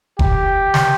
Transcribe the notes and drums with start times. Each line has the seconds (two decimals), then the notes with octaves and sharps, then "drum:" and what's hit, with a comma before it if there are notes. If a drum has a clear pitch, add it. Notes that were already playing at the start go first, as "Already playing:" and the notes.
0.19 G4, drum: kick F1
0.74 drum: snare